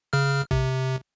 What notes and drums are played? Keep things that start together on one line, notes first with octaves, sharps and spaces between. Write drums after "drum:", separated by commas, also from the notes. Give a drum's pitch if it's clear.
C#3 F6
C3, drum: kick